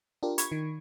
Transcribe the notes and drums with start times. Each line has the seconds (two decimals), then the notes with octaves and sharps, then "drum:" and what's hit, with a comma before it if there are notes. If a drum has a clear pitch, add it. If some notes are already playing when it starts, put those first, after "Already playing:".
0.23 D4 F4 G4 A#4
0.38 B5 C#6 G#6, drum: hi-hat
0.52 D#3